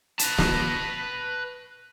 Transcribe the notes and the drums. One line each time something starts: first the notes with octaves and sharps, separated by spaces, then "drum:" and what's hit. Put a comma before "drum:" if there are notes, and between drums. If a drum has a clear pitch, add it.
B4 A5, drum: hi-hat
drum: snare